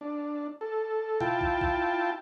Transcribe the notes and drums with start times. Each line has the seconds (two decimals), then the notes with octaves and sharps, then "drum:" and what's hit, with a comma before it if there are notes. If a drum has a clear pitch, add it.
0.01 D4
0.61 A4
1.20 E4 F4 G5 A5, drum: tom B2
1.41 drum: kick
1.61 drum: kick